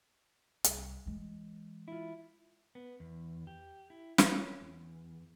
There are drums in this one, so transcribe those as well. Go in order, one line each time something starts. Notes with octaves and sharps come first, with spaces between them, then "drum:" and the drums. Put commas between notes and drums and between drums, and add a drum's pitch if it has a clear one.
C2, drum: hi-hat
E3 G#3
E4 F4
B3
E2
G4
E4
C#4, drum: snare
E2